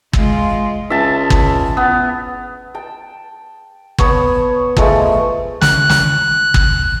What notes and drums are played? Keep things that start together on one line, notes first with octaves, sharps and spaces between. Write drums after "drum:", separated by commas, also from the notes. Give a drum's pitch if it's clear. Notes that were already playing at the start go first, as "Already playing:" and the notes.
G#3 F4, drum: kick
C#2 E5 A5
drum: kick
B3
G5 A5
B3 C#5 A5 D#6, drum: kick
F3 G#3 A3 A4, drum: kick
F#6, drum: snare
drum: snare
drum: kick